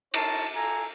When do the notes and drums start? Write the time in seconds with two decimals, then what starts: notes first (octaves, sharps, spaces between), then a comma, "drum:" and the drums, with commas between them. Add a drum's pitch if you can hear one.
0.14 D#4 E4 A#4 C#5 A5, drum: cymbal
0.54 F4 A4 G#5 A#5